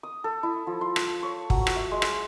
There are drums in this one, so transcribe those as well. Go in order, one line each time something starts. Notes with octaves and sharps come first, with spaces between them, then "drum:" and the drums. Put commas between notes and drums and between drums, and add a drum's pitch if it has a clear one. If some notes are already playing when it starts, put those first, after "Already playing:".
D#6
A4
E4
F3
C6
drum: rim click
C#5
F#3, drum: kick
drum: rim click
E5
G#3
drum: rim click